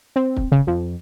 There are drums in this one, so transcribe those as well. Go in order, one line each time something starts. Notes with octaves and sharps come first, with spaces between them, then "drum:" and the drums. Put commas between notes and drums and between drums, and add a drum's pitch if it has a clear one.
C4
drum: kick
C#3
F2